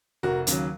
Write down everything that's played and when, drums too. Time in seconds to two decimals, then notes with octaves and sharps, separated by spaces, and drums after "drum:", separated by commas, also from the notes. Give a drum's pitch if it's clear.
0.23 F1 F#4 A#4
0.47 D#2 C#3 F#3, drum: hi-hat